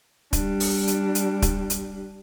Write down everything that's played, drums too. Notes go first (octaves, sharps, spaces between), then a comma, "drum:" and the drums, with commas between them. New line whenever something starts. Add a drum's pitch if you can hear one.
G3 D4, drum: kick, hi-hat
drum: open hi-hat
drum: hi-hat
drum: hi-hat
drum: kick, hi-hat
drum: hi-hat